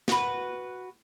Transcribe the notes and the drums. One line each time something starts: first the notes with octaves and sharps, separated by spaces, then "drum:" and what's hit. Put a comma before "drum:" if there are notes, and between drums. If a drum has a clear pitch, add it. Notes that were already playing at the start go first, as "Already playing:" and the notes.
F#4 B4, drum: snare